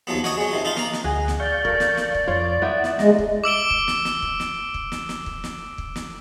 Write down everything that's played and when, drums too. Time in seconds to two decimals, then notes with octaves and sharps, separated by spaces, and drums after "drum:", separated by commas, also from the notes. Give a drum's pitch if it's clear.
0.07 D#2 F3 F#3 B3
0.24 F#4 C#5 D#5 C#6, drum: snare
0.37 F#3 G#3
0.51 C3 D#3 F3
0.65 D#4 F4 B5
0.77 A#3 A#5, drum: snare
0.93 drum: snare
1.04 D2 G#4 D#5 F#5
1.28 drum: snare
1.40 D5 F5 C#6 G6
1.65 A4 A#4, drum: kick
1.80 drum: snare
1.97 drum: snare
2.15 drum: kick
2.28 F2 F4 C#5
2.62 B3 E4 F#5 G5
2.84 drum: snare
2.99 G#3 A#5, drum: snare
3.18 drum: kick
3.44 D6 E6 D7 G7
3.70 drum: kick
3.88 drum: snare
4.05 drum: snare
4.22 drum: kick
4.40 drum: snare
4.74 drum: kick
4.92 drum: snare
5.09 drum: snare
5.26 drum: kick
5.44 drum: snare
5.78 drum: kick
5.96 drum: snare